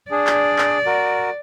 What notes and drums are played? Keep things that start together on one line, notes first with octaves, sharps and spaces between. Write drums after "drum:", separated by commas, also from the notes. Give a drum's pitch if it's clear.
D4 G#4 D5
drum: clap
drum: clap
F#4 A#4